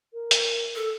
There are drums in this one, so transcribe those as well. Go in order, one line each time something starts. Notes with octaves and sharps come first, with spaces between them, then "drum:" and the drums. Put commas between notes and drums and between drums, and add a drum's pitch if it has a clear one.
A#4
drum: hi-hat
A4